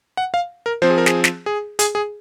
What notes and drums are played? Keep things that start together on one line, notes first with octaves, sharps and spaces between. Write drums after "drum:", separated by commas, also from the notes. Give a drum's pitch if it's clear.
F#5
F5
A#4
F3 C4 C5
G#4
A#4
G#4, drum: snare
drum: snare
G#4
G#4, drum: hi-hat
G#4